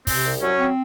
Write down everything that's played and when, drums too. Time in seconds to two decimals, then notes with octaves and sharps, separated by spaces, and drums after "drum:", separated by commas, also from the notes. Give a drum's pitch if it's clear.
0.07 C3 C4, drum: kick, open hi-hat
0.24 C2
0.42 F#3 C#4
0.58 C4